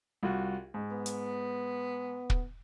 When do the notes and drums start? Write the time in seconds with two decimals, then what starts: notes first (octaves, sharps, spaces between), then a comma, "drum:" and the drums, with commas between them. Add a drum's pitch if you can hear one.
0.23 C2 F4 F#4
0.74 G#2
0.91 B3
1.06 drum: hi-hat
2.30 drum: kick